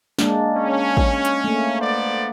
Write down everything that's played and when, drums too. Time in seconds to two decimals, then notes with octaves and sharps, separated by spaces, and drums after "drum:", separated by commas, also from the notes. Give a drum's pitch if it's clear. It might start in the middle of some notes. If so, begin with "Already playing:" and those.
0.19 G#3 A#3 D4, drum: snare
0.55 C#4
0.97 drum: kick A1
1.25 drum: hi-hat
1.44 A3 A#3
1.80 B3 C5 D5